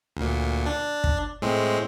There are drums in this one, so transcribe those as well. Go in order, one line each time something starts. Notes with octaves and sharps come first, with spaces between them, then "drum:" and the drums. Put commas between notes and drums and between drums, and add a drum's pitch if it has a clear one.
D2 A#2
D4
drum: kick
A2 G#3 C4